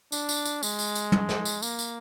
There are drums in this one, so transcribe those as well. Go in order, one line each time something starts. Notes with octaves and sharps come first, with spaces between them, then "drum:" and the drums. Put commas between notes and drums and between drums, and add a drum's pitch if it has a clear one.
D4, drum: tambourine
drum: tambourine
drum: tambourine
G#3, drum: tambourine
drum: tambourine
drum: tambourine
drum: tom
drum: snare
drum: tambourine
A#3, drum: tambourine
drum: tambourine